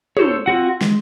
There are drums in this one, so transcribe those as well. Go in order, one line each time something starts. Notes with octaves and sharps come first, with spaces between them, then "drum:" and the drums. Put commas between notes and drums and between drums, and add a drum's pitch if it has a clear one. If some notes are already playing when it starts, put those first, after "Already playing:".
A4 C5 C#5, drum: tom
C4 F4 F#4 F#5
G#3, drum: snare